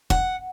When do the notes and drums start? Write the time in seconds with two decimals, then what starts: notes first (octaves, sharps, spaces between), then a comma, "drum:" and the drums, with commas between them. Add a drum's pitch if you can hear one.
0.10 F#5, drum: kick